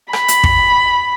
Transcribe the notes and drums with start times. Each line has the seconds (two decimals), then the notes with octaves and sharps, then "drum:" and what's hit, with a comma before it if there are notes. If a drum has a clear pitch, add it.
0.13 B5, drum: rim click
0.28 drum: hi-hat
0.44 drum: kick